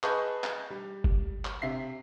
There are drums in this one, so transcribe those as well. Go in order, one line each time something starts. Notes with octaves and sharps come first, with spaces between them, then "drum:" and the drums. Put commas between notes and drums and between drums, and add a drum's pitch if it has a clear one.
G#4 B4 D#5 A5 C#6 G6, drum: clap
drum: clap
G3
drum: kick F#1
drum: clap
C3 E5 C7